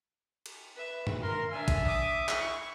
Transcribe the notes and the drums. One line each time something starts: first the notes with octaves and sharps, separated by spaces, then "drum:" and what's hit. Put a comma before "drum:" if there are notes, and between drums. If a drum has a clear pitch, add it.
drum: cymbal
B4 E5
drum: tom G2
A#4 C6
D4 E5 G#5
drum: kick A1, cymbal
D6 D#6
E4 C#6, drum: clap